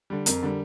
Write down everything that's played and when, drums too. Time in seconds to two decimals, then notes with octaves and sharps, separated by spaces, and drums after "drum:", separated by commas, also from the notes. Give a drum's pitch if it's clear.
0.10 D3 G3
0.26 F2 A#4, drum: hi-hat
0.43 D3 G3